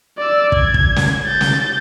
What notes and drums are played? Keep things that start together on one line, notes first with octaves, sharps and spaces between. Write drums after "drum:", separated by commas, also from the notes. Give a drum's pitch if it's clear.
D5 E6
G#6, drum: kick
drum: kick
drum: snare
G6 A6
drum: snare